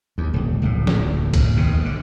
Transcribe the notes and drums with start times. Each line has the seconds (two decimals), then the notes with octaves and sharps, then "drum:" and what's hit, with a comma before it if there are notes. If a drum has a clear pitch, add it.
0.18 D#2
0.34 D#1 C#2
0.62 D1 A#1 A2
0.87 drum: snare
1.34 drum: kick, cymbal
1.57 D#2 G#2 B2
1.85 D3